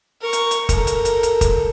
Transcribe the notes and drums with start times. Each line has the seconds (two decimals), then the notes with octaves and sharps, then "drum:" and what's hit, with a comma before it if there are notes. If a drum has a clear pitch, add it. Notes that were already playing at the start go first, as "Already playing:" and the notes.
0.21 A#4 C#6
0.33 drum: hi-hat
0.51 drum: hi-hat
0.69 A4 A#4, drum: kick, hi-hat
0.87 drum: hi-hat
1.05 drum: hi-hat
1.23 drum: hi-hat
1.41 drum: kick, hi-hat